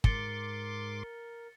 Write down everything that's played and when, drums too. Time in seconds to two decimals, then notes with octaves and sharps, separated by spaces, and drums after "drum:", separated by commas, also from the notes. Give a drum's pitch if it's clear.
0.04 G#2 A#4 C6 D6 A6 C#7 G7, drum: kick